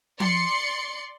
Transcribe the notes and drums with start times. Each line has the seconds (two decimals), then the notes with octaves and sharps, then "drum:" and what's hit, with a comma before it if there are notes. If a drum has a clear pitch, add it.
0.20 D5 C6 C#7, drum: tom F3